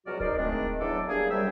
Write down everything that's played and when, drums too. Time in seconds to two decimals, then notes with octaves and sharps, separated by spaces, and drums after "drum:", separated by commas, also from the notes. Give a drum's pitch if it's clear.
0.06 C#2 B2 F#3 F#4 D5 F6
0.20 D#4 A#4 C5 D5, drum: kick D1
0.37 D#3 G#3 A3 C4 D4
0.52 drum: kick D1
0.79 E2 E3 F#3 D4 A4 D6
1.08 G3 A#3 D4 G#4
1.29 F#2 C3 F#3 G3 E5 G5